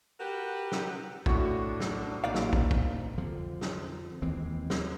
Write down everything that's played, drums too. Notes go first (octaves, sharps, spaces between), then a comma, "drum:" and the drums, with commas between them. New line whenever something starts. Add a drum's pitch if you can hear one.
F#4 G4 A#4 B4
drum: snare
A2 D4 F#4 C#6, drum: kick
drum: snare
A#1 D#4 D5 F5
drum: snare
drum: kick
drum: kick
F2 D3 F3
drum: snare
D#2 E3 G#3 C4
drum: snare